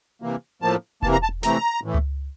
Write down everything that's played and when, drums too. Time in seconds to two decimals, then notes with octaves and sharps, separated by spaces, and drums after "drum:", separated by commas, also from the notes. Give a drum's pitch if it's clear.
0.22 C3 E3 A#3
0.62 A2 F3 A#3 A5
1.02 C3 E3 A#3 A5, drum: kick E1
1.13 A#5
1.23 A5
1.43 C3 E3 A3 A#5, drum: snare
1.83 A2 E3 A3
1.94 drum: tom C#2